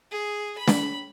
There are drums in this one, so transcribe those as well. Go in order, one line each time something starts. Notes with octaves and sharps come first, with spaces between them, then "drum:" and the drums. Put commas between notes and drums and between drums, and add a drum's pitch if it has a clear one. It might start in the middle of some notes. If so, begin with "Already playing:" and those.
G#4
B5
drum: snare